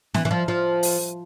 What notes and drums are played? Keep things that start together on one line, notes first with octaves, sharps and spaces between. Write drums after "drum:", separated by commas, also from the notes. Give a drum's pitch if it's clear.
E3, drum: snare B3
E3
F3
F3
drum: open hi-hat